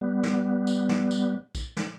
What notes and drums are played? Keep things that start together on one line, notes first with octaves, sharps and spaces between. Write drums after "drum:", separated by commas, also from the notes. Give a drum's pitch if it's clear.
G3 B3
drum: snare
drum: tambourine
drum: snare
drum: tambourine
drum: kick, tambourine
drum: snare